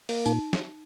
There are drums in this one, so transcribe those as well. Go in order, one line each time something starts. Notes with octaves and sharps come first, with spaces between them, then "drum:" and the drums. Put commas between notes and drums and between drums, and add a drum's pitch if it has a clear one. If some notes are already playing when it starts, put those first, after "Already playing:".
A#3, drum: open hi-hat
A#2 D#4, drum: tambourine
drum: snare